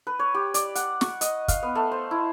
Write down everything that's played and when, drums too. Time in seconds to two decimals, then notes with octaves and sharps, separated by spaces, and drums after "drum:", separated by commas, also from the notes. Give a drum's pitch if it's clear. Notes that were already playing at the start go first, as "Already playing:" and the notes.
0.07 B4
0.19 C#5
0.34 G4
0.54 D5, drum: hi-hat
0.75 F#5, drum: hi-hat
1.01 C#6, drum: snare
1.21 D#5, drum: hi-hat
1.48 F5, drum: kick, hi-hat
1.63 B3
1.75 A3
1.92 C5
2.11 E4